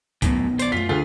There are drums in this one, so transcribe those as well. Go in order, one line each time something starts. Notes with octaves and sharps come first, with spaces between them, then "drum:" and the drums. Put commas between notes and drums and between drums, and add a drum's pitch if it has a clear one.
A#1 F#2 A2 D#3 B3, drum: kick, hi-hat
C5 D5, drum: hi-hat
F#2 A3 F4 B6
D2 F4 G#4